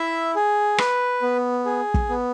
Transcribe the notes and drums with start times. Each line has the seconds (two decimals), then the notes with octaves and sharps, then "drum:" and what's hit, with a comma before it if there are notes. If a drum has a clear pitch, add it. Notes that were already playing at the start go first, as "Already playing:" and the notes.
Already playing: E4 E5
0.35 G#4
0.78 B4, drum: rim click
1.22 B3
1.65 G#4
1.94 drum: kick
2.09 B3